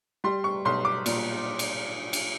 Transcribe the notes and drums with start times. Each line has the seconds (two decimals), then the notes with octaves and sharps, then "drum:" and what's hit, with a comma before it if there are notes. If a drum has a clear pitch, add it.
0.24 G3 C6
0.44 C#6
0.65 B1 C6
0.85 D6
1.06 A#2, drum: cymbal
1.59 drum: cymbal
2.13 drum: cymbal